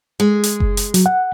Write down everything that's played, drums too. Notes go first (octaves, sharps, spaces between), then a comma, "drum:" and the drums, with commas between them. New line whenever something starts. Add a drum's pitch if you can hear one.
G#3
drum: hi-hat
drum: kick F#1
drum: hi-hat
F#3, drum: hi-hat
F#5